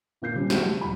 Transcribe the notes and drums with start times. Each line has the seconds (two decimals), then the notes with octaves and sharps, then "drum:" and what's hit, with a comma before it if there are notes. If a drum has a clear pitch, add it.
0.22 A#2 A#3 G6 C7
0.34 C3 G3 C#4
0.50 G#3 A3 C4 F#4 G4, drum: snare
0.65 F4
0.81 D#1 B5